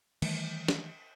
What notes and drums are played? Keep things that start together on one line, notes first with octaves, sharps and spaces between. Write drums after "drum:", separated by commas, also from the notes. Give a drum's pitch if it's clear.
D#3 E3 G3 A3, drum: cymbal
drum: snare